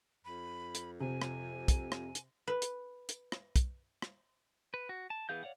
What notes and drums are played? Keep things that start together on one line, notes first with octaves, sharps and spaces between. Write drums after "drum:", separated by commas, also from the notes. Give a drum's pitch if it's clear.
F2 B5
drum: hi-hat
C3 G#5
drum: rim click
drum: kick, hi-hat
drum: rim click
drum: hi-hat
B4
drum: hi-hat
drum: hi-hat
drum: rim click
drum: kick, hi-hat
drum: rim click
B4
F#4
A5
E3 B3 G#4 F5 G6
C#5 D5 F5 F#5